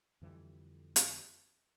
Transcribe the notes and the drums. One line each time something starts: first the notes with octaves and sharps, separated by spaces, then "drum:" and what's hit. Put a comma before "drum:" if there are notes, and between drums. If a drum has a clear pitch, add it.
F2 D3 E3 G3
drum: hi-hat